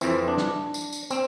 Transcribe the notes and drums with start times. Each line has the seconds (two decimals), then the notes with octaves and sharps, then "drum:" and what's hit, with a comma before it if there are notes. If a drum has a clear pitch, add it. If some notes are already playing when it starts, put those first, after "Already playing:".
0.01 F2 E3 C4, drum: tambourine
0.28 D4
0.38 drum: snare
0.74 drum: tambourine
0.93 drum: tambourine
1.11 C4, drum: tambourine